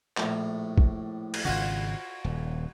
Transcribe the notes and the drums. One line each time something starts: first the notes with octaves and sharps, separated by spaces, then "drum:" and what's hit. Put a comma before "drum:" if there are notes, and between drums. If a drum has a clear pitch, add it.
A#1 A2, drum: clap
drum: kick
drum: cymbal
G#1 C#3 F4 F#4
D#1